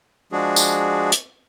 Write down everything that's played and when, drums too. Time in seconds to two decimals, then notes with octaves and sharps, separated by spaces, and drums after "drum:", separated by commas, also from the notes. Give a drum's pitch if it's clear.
0.32 F3 G#3 D4 F#4 G#4
0.56 drum: tambourine
1.12 drum: hi-hat